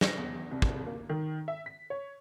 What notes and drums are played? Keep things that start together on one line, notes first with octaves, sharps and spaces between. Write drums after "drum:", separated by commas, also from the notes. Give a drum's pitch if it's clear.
A#6, drum: snare
E2
C2
drum: kick
A#3
D#3
E5
B6
C#5